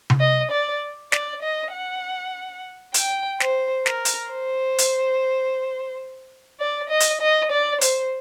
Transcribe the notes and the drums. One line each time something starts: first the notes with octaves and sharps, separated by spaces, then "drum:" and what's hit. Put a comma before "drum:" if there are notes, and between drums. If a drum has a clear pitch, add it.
drum: tom C3
D#5
D5
D5, drum: snare
D#5
F#5
G5, drum: hi-hat
C5, drum: snare
A#4, drum: snare
drum: hi-hat
C5
drum: hi-hat
D5
D#5
drum: hi-hat
D#5
D5
C5, drum: hi-hat